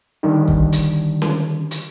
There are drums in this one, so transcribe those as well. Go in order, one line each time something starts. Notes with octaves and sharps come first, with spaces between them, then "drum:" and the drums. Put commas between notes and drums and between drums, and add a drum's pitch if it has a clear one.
D3 D#3 G3 D4 G4
drum: kick C#1
drum: hi-hat
drum: snare
drum: hi-hat